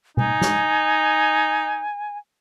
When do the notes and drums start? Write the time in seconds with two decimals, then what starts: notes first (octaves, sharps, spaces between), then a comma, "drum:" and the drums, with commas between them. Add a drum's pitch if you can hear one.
0.17 D#4 G#5, drum: tom B2
0.41 drum: snare